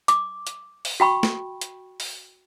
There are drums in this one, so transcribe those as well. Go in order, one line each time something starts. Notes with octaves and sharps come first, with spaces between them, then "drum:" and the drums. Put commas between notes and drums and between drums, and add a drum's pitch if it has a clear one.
D6, drum: hi-hat
drum: hi-hat
drum: open hi-hat
F#4 G5 B5 C#6
drum: snare
drum: hi-hat
drum: open hi-hat